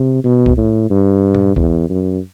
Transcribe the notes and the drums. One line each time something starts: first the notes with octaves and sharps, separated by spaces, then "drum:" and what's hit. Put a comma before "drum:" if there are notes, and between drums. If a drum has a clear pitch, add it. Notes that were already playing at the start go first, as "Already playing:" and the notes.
Already playing: C3
B2
drum: kick C2
A2
G2
drum: tom A#2
E2, drum: kick C2
F#2